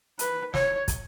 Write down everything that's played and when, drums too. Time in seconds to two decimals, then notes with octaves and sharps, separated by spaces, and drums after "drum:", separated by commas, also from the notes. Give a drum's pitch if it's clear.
0.19 B4, drum: hi-hat
0.54 C#5, drum: snare
0.88 drum: kick, hi-hat